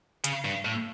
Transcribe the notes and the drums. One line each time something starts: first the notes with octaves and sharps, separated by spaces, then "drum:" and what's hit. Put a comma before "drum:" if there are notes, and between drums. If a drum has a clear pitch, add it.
C#3, drum: hi-hat
G2
A2